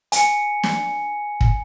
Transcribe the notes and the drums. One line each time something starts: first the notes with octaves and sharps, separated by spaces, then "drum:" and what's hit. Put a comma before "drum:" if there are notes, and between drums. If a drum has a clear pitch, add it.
G#5 C#7, drum: hi-hat
drum: snare
drum: kick